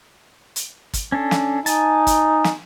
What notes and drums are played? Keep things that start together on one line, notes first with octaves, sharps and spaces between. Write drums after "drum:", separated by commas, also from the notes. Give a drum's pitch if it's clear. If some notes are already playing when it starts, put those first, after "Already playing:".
drum: hi-hat
drum: kick, hi-hat
C#4 D4 A4
drum: snare
D#4 G#5 A5, drum: hi-hat
drum: kick, hi-hat
drum: snare